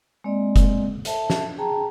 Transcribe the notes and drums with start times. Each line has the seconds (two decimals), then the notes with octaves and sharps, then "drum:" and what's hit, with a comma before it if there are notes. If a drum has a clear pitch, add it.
0.24 G#3 A#3 C4 D5 D#5
0.56 drum: kick F1, hi-hat
1.05 A4 E5 A5, drum: hi-hat
1.30 drum: snare
1.58 G#4 G5 A5 A#5